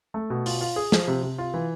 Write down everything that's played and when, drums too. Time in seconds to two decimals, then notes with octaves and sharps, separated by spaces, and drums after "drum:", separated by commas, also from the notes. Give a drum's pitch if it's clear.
0.14 A3
0.30 B2
0.46 F4, drum: open hi-hat
0.61 F4
0.76 G#4
0.92 F3, drum: snare
1.08 C3
1.23 C3
1.38 F4
1.54 E3